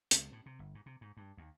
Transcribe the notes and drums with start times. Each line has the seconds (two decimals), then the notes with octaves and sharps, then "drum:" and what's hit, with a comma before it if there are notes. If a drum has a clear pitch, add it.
0.11 C#2, drum: hi-hat
0.32 A2
0.46 C3
0.59 G1
0.75 G#2
0.86 C3
1.01 G#2
1.17 G2
1.37 D#2